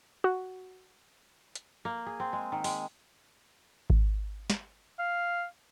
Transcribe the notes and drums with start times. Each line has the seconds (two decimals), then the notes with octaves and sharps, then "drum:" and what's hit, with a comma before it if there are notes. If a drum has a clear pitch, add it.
0.24 F#4
1.55 drum: hi-hat
1.85 A#3
2.06 G#4
2.20 C4
2.33 G#3
2.52 D#3
2.64 G#3, drum: open hi-hat
3.90 drum: kick G#1
4.50 drum: snare
4.99 F5